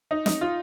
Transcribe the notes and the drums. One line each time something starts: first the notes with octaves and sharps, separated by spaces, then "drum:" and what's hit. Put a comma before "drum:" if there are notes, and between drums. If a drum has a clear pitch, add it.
D#4
D#4, drum: snare
F4